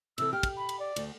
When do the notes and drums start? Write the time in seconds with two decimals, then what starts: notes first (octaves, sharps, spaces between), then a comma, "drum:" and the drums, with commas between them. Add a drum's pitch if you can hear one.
0.18 C3 E3 A4 E6, drum: cymbal
0.33 G4 F6
0.43 drum: kick, cymbal
0.57 B5
0.69 drum: cymbal
0.79 D5
0.96 D2, drum: cymbal